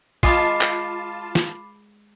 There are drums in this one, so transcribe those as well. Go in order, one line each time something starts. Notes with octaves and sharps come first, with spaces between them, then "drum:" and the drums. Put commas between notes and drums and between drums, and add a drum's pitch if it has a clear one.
G#3 F4 A5 B5 D6 C7, drum: kick A#1
drum: clap
drum: snare